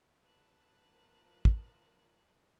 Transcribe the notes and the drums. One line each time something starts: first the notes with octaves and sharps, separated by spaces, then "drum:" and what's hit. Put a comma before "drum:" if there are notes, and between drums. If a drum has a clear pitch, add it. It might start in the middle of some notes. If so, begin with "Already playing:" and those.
B4 A5 F#6
F3 A#4
drum: kick